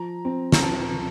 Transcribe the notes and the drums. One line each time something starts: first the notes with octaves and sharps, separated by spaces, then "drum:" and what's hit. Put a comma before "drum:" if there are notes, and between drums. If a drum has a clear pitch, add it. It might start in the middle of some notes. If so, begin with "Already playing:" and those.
Already playing: F3 A#5
C4
A#5, drum: snare
F3 A5